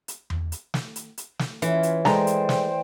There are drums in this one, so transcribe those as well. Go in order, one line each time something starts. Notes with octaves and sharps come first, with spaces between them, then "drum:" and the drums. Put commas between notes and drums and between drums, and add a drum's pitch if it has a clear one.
drum: hi-hat
drum: tom E2
drum: hi-hat
drum: snare
drum: hi-hat
drum: hi-hat
drum: snare
E3 C#4 F4 C#5, drum: hi-hat
drum: hi-hat
G#3 A4 C5 D5 G5 A#5, drum: snare
drum: hi-hat
drum: snare